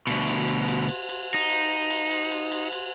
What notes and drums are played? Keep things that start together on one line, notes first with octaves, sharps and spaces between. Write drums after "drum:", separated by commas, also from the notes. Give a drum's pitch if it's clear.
D2 B2, drum: cymbal
drum: cymbal
drum: cymbal
drum: cymbal
drum: cymbal
drum: cymbal
D#4
drum: cymbal
drum: cymbal
drum: cymbal
drum: cymbal
drum: cymbal
drum: cymbal